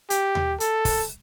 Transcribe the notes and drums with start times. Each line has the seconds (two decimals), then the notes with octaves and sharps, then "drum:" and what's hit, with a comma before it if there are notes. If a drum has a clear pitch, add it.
0.10 G4, drum: hi-hat
0.35 drum: tom D#2
0.60 A4, drum: hi-hat
0.85 drum: kick, open hi-hat